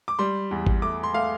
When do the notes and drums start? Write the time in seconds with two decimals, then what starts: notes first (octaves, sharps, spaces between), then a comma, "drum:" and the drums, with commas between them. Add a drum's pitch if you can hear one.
0.08 D6
0.19 G3 C6
0.51 E2
0.67 drum: kick G#1
0.82 A3 D6
1.03 C6
1.14 A3 F5